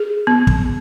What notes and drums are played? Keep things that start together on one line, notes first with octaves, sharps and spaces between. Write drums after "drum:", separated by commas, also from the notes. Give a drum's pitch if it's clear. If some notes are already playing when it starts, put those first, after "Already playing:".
Already playing: G#4
B3
drum: kick